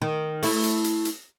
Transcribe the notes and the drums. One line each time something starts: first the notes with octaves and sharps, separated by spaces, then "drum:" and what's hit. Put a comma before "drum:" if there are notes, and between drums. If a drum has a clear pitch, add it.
D#3
A3 E4, drum: open hi-hat
drum: hi-hat
drum: hi-hat
drum: hi-hat